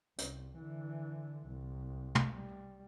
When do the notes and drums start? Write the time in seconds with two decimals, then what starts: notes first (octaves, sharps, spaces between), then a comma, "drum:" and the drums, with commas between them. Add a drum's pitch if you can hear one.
0.18 C2, drum: hi-hat
0.58 D3 E3
1.47 C2
2.15 drum: tom
2.33 G3